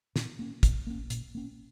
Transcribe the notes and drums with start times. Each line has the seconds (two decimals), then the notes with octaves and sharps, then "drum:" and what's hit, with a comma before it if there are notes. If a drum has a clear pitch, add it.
0.16 A#2, drum: snare
0.39 A#3 C#4
0.63 A#2, drum: kick, hi-hat
0.87 A#3 C#4
1.10 A#2, drum: hi-hat
1.35 A#3 C#4